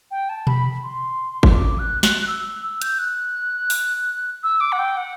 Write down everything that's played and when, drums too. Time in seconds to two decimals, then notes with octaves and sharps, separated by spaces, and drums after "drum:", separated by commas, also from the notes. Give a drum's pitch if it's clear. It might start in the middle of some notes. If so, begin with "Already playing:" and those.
0.11 G5
0.29 A5
0.47 B5, drum: tom B2
0.83 C6
1.43 drum: kick G1
1.54 D6
1.79 F#6
2.03 F#6, drum: snare
2.22 F#6
2.27 E6
2.63 E6
2.82 G6, drum: hi-hat
2.99 F#6
3.70 drum: open hi-hat
4.43 E6
4.61 D6
4.72 F#5
4.79 G5
4.97 F#5